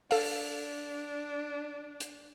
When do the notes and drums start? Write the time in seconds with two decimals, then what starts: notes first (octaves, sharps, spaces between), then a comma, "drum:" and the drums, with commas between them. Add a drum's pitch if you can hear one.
0.11 D4 A4 F5, drum: open hi-hat
2.00 drum: hi-hat